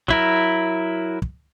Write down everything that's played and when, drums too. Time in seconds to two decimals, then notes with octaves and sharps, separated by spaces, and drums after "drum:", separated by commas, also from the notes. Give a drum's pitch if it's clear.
0.08 F#3 E4 A#4, drum: kick
1.22 drum: kick